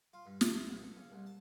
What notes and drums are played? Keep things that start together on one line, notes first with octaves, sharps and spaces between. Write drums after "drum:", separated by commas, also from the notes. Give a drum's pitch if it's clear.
F4
G2
E4, drum: snare
E5
B1
A4
C#3
C2
A5